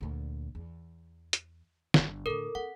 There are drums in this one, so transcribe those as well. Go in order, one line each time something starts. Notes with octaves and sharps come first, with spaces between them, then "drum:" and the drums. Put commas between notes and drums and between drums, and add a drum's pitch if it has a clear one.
D2 A#2
E2
drum: hi-hat
G1 D3, drum: snare
A2 D3 A4 A#4
C4 F#5